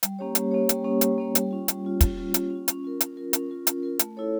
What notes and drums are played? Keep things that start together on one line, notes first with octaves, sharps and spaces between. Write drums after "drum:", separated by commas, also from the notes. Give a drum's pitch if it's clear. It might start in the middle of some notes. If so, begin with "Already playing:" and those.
G3, drum: hi-hat
A#3 C#4 G4 C#5
G3, drum: hi-hat
A#3 C#4 G4 C#5
G3, drum: hi-hat
A#3 C#4 G4 C#5
G3, drum: hi-hat
A#3 C#4 G4 C#5
G3, drum: hi-hat
C#4 F4
G3, drum: hi-hat
C#4 F4
G3, drum: kick, hi-hat
C#4 F4
G3, drum: hi-hat
C#4
F4
C#4, drum: hi-hat
F4 A#4
C#4, drum: hi-hat
F4 A#4
C#4, drum: hi-hat
F4 A#4
C#4, drum: hi-hat
F4 A#4
A3, drum: hi-hat
E4 A4 C#5